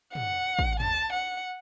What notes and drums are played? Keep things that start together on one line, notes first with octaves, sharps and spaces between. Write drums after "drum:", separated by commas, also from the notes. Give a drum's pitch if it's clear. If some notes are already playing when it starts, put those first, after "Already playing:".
F#5, drum: tom
drum: kick
A5, drum: tom
F#5